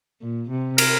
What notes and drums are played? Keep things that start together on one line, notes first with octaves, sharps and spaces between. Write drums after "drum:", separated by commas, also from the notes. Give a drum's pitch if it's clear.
A#2
C3
A#4, drum: cymbal